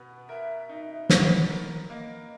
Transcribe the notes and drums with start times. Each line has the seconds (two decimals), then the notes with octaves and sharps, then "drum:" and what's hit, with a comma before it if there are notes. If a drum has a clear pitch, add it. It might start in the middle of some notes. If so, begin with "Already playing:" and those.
Already playing: B2 B3
0.29 A#4 E5
0.69 D#4
1.10 B3, drum: snare
1.50 A#4
1.89 A#3 D#5